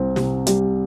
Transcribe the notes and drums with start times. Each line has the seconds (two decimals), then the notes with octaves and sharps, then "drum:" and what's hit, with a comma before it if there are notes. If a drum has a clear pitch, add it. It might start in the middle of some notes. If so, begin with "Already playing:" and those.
Already playing: C2 C4
0.16 C3, drum: snare
0.47 G3, drum: hi-hat